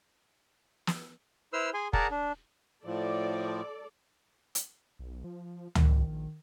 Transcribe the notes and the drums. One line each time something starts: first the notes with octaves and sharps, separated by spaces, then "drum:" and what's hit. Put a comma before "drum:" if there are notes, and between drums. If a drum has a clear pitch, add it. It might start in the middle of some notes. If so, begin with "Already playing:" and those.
drum: snare
E4 B4 C5 C6 E6 F6
G#4 G#5 C6
G#4 A#4 D5 F#5 A5 A#5, drum: kick F1
D4
A2 F3 A4 D5
drum: hi-hat
B1
F3
A#1 D#3, drum: tom C#2